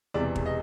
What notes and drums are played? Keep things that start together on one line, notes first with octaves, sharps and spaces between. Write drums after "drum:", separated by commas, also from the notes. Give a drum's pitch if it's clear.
E1 E2 C3 D5
drum: kick
D#5